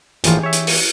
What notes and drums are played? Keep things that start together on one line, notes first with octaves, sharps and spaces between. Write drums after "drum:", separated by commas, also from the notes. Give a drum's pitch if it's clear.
A#1 A2 E3 F4 G4 G#4, drum: hi-hat
C#5 E5
drum: hi-hat
drum: open hi-hat